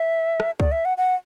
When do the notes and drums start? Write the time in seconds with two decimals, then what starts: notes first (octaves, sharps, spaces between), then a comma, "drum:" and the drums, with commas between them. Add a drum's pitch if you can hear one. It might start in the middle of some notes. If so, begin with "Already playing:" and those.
Already playing: E5
0.40 drum: rim click
0.60 D5, drum: kick C#2
0.72 E5
0.85 F#5
0.98 F#5